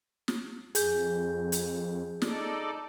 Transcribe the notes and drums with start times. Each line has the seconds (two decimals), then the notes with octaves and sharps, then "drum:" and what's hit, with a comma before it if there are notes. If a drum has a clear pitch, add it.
0.28 drum: snare
0.75 F2 G#4 G6, drum: hi-hat
1.52 drum: hi-hat
2.22 D#4 A4 D5, drum: snare